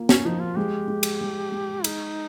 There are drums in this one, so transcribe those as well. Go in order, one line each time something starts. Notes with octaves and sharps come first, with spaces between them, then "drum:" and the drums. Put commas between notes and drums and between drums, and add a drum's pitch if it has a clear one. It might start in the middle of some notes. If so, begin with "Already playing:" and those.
Already playing: A#3 F4
C#4, drum: snare
F3 D#4
F4
G#3 G4
G#3
drum: cymbal
G#3
G#3
D#4 G#4, drum: cymbal